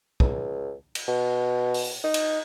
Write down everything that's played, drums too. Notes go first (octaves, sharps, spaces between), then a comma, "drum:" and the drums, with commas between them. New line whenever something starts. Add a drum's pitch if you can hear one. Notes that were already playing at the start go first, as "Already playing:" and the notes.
C#2, drum: kick
drum: cymbal
B2
drum: open hi-hat
D#4
drum: cymbal